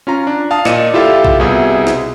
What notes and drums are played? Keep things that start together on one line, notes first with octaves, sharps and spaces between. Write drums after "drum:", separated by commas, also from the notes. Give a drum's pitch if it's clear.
C#4 F4 A#5
D4
F5 A5 D#6
A#2 D5 D#5 C#7 D#7 E7, drum: snare
E4 F4 G4 A4 E5 F5
drum: kick A#1
C2 B2 G#4 E5
drum: snare